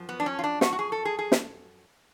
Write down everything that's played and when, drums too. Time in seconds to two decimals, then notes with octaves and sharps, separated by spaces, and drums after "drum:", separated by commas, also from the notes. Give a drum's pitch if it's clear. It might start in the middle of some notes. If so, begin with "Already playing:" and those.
Already playing: F#2 F3
0.09 B3
0.20 D4
0.26 C#4
0.39 F4
0.44 D4
0.61 F#4, drum: snare
0.73 F#4
0.79 G#4
0.92 A4
1.05 G#4
1.19 G#4
1.32 drum: snare